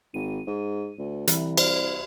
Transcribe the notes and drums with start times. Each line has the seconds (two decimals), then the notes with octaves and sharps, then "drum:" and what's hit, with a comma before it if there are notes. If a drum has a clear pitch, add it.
0.14 G#1 D#7
0.47 G#2
0.99 D2
1.27 C2 E3, drum: hi-hat
1.57 C5 D5 F6, drum: cymbal